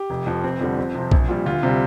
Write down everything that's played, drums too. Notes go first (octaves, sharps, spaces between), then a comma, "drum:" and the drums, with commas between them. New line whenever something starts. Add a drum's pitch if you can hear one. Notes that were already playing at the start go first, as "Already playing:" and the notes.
Already playing: G4
F1
F2 F3
F1 C4
F2 D3 G3
F2
C3 F3
A#1, drum: kick
A#2 G3
D2 F4
C3 G3